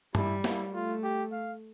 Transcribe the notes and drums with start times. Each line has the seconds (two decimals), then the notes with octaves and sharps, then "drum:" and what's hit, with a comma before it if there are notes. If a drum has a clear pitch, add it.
0.15 G3 E4, drum: tom G2
0.44 E4, drum: snare
0.73 A3 F4
1.03 G4
1.32 F5